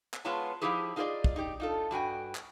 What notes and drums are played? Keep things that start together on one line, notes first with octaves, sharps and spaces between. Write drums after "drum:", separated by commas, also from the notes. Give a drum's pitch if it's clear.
drum: clap
G#3 B3 F4 C#5 A5 A#5
F3 G3 D#4 E4 G4 G#4
D#4 F4 G#4 C5 D5 D#5
drum: kick
D#4 G4
D#4 F4 A4
G2 F#4 G5 G#5
drum: clap